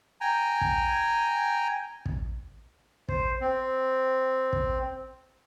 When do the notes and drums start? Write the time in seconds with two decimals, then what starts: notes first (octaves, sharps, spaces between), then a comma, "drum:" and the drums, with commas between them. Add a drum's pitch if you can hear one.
0.21 G5 G#5 A#5
0.61 drum: kick
2.06 drum: kick
3.09 C5, drum: kick
3.41 C4
4.53 drum: kick